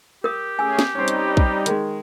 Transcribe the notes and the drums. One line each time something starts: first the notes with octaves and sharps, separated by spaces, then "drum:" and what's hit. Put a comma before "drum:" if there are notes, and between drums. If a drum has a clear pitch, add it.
G4 A#4 D#6
A3 C#4 G#4 G#5 E6
drum: snare
G3 C4 C#4 D#4
drum: hi-hat
drum: kick
D#3 G#3, drum: hi-hat